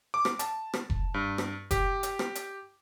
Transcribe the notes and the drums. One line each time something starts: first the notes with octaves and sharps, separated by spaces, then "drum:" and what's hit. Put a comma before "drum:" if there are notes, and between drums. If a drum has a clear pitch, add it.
D6
drum: rim click
A5, drum: hi-hat
drum: rim click
drum: kick F1
G2
drum: rim click
G4, drum: kick F1, hi-hat
drum: hi-hat
drum: rim click
drum: hi-hat